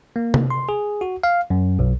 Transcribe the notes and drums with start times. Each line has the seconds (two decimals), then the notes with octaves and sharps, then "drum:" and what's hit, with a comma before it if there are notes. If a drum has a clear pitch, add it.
0.16 A#3
0.34 drum: tom C3
0.50 C6
0.69 G#4
1.01 F#4
1.24 F5
1.50 F#2
1.79 B1